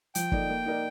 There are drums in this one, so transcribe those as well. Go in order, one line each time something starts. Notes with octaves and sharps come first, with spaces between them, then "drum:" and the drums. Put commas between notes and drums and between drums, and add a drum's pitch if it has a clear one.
F3 G5, drum: hi-hat
A#3 D#4 A4 D5, drum: kick
A#3
D#4 A#4 D5